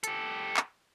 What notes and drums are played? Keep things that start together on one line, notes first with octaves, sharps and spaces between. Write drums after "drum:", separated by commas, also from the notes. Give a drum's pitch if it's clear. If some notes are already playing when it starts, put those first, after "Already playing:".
G4 A4, drum: hi-hat
drum: clap